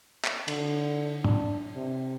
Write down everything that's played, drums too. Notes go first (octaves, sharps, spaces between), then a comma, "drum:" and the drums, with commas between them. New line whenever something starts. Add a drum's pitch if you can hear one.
drum: clap
D3, drum: cymbal
D4, drum: tom
C3